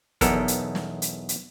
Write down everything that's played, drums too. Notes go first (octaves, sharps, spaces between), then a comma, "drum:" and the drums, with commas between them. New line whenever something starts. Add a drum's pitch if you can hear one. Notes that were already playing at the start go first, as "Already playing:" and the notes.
B1 E2 B3 A4 A#4, drum: kick, hi-hat
drum: hi-hat
drum: snare
drum: hi-hat
drum: hi-hat